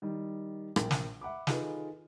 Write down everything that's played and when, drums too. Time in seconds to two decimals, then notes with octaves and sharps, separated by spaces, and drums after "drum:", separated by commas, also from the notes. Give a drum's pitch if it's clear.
0.02 D#3 G3
0.76 A#1 A#4 G5, drum: rim click
0.91 drum: snare
1.21 E5 F#5 B5 D6
1.47 D#3 D#4 F4 G#4 A4 B4, drum: snare